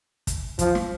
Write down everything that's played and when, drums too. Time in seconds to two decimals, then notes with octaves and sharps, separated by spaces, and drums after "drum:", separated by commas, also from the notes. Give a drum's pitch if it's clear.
0.27 drum: kick, hi-hat
0.59 F3, drum: kick, hi-hat
0.75 drum: snare